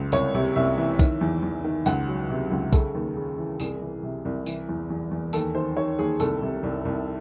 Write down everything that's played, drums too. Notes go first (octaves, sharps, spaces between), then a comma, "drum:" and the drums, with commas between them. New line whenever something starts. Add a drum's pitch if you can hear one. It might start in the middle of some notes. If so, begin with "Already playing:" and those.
Already playing: C#2
C2 C#5, drum: tambourine
C3
C2 E5
E3
D#3, drum: kick, tambourine
E2
E2
D#3
C#2 F#5, drum: tambourine
F#3
C3
C#2
C#3 A4, drum: kick, tambourine
D#2
C#3
E3
C2 G#4, drum: tambourine
E3
C3
C2
E3, drum: tambourine
E2
E2
E2
D#2 A4, drum: tambourine
D#3 C5
D#3 C#5
D#2 G#4
C2 A4, drum: tambourine
C3
C2
C2